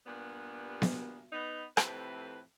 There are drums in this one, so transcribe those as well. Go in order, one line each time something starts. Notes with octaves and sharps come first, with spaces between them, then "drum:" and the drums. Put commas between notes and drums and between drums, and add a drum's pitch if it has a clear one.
G2 A#2 G3 B3
drum: snare B3
B3 D#4
F2 A2 C3 B4, drum: rim click